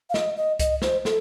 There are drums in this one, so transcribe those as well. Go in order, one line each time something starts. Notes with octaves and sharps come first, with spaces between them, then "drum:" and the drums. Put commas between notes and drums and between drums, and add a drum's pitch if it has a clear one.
F5
D#5, drum: snare
D#5
D#5, drum: kick C2, hi-hat
C5, drum: snare
A4, drum: snare